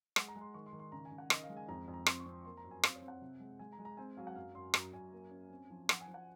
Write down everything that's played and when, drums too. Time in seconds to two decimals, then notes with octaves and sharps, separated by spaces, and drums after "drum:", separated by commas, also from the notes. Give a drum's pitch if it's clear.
0.16 G#3 F#5, drum: rim click
0.28 A#5
0.36 G#3
0.41 C6
0.54 D#3 C#6
0.66 C6
0.73 D#3
0.79 C6
0.92 C#3 A#5
1.05 G#5
1.11 C#3
1.18 F#5
1.30 D#3 D#5, drum: rim click
1.43 F5
1.49 G#3
1.57 G#5
1.68 F2 A#5
1.88 F2
1.94 A#5
2.06 C4 C6, drum: rim click
2.20 C#6
2.26 C4
2.33 C6
2.45 A#3 C6
2.57 A#5
2.64 F#2
2.71 G#5
2.83 C4 F5, drum: rim click
2.96 C#5
3.02 C4
3.08 F#5
3.22 C3
3.40 G#3
3.59 G#3 G#5
3.72 A#5
3.79 G#3
3.85 A#5
3.97 C4 G#5
4.17 F#3 F5
4.27 F#5
4.35 F#2 F5
4.55 F#2 C6
4.74 F#2 A#5, drum: rim click
4.93 F#2 G#5
5.13 A#3
5.31 C#4
5.50 C4
5.70 F3
5.89 F3 F#5, drum: rim click
6.01 G#5
6.08 F3
6.14 F#5